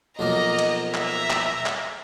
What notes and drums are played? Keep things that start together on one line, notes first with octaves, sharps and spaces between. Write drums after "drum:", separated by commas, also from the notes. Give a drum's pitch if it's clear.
B1 F3 A#3 D#5 A#5
drum: cymbal
E5 A#5, drum: clap
drum: clap
drum: clap